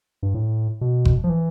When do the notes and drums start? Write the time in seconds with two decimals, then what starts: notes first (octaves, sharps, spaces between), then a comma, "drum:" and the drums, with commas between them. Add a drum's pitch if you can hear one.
0.23 G2
0.34 A2
0.81 B2
1.05 drum: kick F#1
1.24 F3
1.29 E3